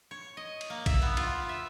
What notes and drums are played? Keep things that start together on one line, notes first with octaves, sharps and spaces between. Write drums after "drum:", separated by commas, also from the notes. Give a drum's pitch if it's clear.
C#5
D#5
drum: cymbal
A#3
E5, drum: kick A#1, cymbal
B3
F4, drum: cymbal
E5